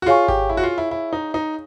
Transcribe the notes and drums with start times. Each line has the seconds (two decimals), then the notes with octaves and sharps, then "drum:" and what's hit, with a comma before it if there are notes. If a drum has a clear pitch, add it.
0.02 F#4
0.06 F4 G#4 C#5 F5 G#5 C#6
0.28 G4, drum: kick G#1
0.50 E4
0.57 F#4
0.63 F4
0.78 E4
0.91 E4
1.13 D#4
1.34 D#4